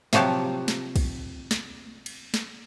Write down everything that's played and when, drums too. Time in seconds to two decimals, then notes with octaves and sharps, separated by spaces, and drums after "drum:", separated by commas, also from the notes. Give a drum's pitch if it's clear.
0.13 C3 F3 F#3 G4 A5, drum: snare
0.68 drum: snare
0.96 drum: kick, cymbal
1.51 drum: snare
2.06 drum: cymbal
2.34 drum: snare